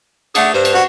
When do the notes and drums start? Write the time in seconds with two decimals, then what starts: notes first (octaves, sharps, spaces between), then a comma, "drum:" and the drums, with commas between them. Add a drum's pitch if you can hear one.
0.35 A3 D4 G#4 F#5, drum: cymbal
0.54 G2 C5
0.65 drum: cymbal
0.74 F#4